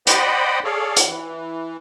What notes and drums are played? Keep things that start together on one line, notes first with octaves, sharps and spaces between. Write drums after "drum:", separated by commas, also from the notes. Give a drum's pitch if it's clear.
C5 D5 D#5 F#5 G5 B5, drum: hi-hat
G#4 A4 C#5 D5 F5
drum: hi-hat
E3